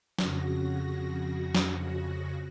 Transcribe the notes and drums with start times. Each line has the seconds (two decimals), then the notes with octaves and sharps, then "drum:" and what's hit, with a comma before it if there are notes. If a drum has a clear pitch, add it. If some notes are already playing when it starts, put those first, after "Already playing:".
0.19 F2 C#3 F#4 A#6, drum: snare
1.55 drum: snare